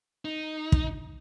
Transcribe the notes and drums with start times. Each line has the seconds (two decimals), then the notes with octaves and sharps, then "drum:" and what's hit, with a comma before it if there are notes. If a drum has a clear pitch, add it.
0.25 D#4
0.72 drum: kick